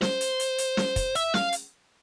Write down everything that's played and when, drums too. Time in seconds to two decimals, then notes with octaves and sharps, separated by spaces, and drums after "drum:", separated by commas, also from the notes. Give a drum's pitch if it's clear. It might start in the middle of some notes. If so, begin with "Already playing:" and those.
0.02 C5, drum: snare
0.21 drum: hi-hat
0.39 drum: hi-hat
0.58 drum: hi-hat
0.77 drum: snare
0.96 drum: kick, hi-hat
1.15 E5, drum: hi-hat
1.34 F5, drum: snare
1.52 drum: hi-hat